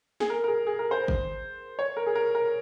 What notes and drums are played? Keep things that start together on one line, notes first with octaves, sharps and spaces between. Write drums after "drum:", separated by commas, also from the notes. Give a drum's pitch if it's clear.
G#4, drum: snare
A#4
A#4
G#4
G#4
A#4
C5
drum: kick
C#5
A#4
G#4
A#4
A#4